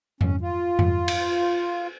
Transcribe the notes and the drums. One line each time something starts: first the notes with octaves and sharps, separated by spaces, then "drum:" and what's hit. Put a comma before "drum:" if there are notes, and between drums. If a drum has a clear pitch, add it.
C#4, drum: tom F2
F4
drum: tom F2
drum: cymbal